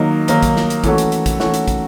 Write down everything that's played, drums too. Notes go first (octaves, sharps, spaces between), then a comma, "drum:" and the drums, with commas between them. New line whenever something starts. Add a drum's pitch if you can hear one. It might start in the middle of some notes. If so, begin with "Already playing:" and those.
Already playing: D#3 F#3 A#3 D#4
D#3 F#3 A#3 D#4, drum: hi-hat
drum: kick, hi-hat
drum: snare
drum: hi-hat
E3 A3 C#4 F#4, drum: kick, hi-hat
drum: hi-hat
drum: hi-hat
drum: kick, hi-hat
E3 A3 C#4 F#4, drum: snare
drum: hi-hat
drum: kick, hi-hat